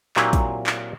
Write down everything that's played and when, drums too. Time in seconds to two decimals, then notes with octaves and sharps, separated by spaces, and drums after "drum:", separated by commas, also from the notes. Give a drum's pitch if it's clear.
0.16 A#2 F#3 A#3 C4 E4 G4, drum: clap
0.33 drum: kick, hi-hat
0.67 drum: clap